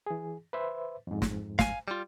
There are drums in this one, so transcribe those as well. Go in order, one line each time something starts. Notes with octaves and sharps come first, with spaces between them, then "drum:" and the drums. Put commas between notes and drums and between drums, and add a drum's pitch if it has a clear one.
E3 G#4
B4 C5 E5
F2 G#2
drum: snare
F5 G#5, drum: snare
G3 F4